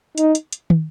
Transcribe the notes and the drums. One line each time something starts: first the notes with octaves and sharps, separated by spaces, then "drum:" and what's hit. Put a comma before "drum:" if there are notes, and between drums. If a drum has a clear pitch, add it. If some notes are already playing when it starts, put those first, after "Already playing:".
D#4, drum: hi-hat
drum: hi-hat
drum: hi-hat
drum: tom